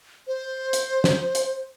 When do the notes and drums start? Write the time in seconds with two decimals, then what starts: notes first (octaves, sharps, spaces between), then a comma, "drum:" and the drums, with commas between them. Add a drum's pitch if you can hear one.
0.27 C5
0.73 drum: hi-hat
1.04 drum: snare
1.35 drum: hi-hat